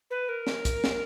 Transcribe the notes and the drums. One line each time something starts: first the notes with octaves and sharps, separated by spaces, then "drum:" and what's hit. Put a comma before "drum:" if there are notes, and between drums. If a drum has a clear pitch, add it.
B4
A#4
drum: snare
drum: kick, hi-hat
drum: snare